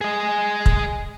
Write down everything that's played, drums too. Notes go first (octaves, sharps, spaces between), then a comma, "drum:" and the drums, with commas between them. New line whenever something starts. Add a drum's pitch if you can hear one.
G#4 D#5
drum: kick